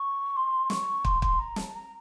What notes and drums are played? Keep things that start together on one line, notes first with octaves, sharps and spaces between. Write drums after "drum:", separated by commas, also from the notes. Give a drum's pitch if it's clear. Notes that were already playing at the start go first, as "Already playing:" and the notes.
Already playing: C#6
C6
C#6, drum: snare
C6, drum: kick
C6, drum: kick
A#5
A5, drum: snare
A#5